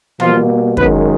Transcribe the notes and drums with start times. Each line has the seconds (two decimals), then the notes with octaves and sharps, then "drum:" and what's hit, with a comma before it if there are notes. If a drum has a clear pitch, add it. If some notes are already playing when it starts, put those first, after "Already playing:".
0.20 B2 F3 G3 A#3 F4, drum: tom E3
0.77 F#2 D#3 G#3 B3 B4, drum: kick